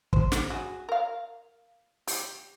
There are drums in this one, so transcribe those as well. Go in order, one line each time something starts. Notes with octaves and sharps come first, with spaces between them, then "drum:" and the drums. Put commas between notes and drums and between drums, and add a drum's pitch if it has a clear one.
C5, drum: kick
drum: snare
F#4 G#4
A#4 F5
G4, drum: open hi-hat